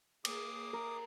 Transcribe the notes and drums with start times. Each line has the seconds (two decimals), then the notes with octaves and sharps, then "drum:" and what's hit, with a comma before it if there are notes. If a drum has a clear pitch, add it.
0.25 A#3 G#4 D6 D#6, drum: cymbal
0.73 A#4